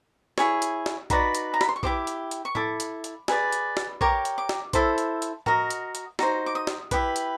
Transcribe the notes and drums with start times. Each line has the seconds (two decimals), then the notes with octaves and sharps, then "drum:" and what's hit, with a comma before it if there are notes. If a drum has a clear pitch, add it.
0.38 E4 G#4 C#5, drum: snare
0.62 drum: hi-hat
0.86 drum: snare
1.10 D#4 F#4 B4 D5 B5, drum: kick, hi-hat
1.35 drum: hi-hat
1.54 A#5
1.61 B5, drum: snare
1.69 C6
1.76 C#6
1.83 E4 G4 C5 D6, drum: kick
2.07 drum: hi-hat
2.31 drum: hi-hat
2.45 C#6
2.55 E4 A4 D6, drum: tom A2
2.80 drum: hi-hat
3.04 drum: hi-hat
3.28 G#4 B4 D5, drum: snare
3.52 drum: hi-hat
3.77 drum: snare
4.01 G4 A#4 C#5 D6, drum: kick
4.25 drum: hi-hat
4.38 D6
4.49 drum: snare
4.73 E4 A4 C5, drum: kick, hi-hat
4.98 drum: hi-hat
5.22 drum: hi-hat
5.46 F#4 A#4 D#5, drum: tom A2
5.70 drum: hi-hat
5.95 drum: hi-hat
6.19 D#4 F#4 C5, drum: snare
6.46 D6
6.55 D#6
6.67 drum: snare
6.91 E4 G4 B4 D6, drum: kick, hi-hat
7.16 drum: hi-hat